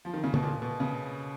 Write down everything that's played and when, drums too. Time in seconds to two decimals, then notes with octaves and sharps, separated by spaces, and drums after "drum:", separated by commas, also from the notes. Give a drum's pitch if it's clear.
0.05 F3
0.14 D#3
0.24 C#3
0.34 B2, drum: tom
0.43 A#2
0.62 B2
0.80 C#3